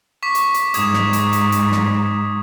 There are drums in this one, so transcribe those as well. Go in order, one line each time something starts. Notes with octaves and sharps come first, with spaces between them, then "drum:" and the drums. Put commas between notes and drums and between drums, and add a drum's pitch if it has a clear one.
C#6 D6 B6
drum: hi-hat
drum: hi-hat
G#2 D#6 G#6 E7, drum: hi-hat
drum: snare
drum: hi-hat
drum: hi-hat
drum: hi-hat
drum: snare